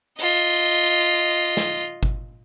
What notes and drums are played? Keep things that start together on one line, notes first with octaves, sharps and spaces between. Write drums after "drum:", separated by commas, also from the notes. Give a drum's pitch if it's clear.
F4 D#5, drum: hi-hat
drum: snare
drum: kick G1